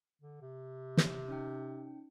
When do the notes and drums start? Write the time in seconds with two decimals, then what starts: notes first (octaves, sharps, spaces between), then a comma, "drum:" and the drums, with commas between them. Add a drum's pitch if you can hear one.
0.22 D3
0.41 C3
0.97 drum: snare
1.28 C#4 D#4 G5